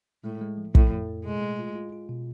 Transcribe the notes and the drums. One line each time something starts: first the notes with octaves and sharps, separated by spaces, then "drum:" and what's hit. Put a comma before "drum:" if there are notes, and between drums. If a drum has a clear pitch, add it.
A2 G#3
G#3
F3
A2 F3, drum: kick
F2
F2
B2 G#3
A3
F4
F4
F4
B2